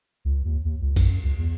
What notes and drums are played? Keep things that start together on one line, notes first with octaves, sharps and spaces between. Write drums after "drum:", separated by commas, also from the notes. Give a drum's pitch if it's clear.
C#2
D#2
D#2
C#2
F#2, drum: kick, cymbal
C#2
E2